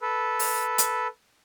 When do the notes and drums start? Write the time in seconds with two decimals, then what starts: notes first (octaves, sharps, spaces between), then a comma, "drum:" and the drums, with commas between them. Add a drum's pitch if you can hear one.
0.01 A4 B4
0.39 drum: open hi-hat
0.78 drum: hi-hat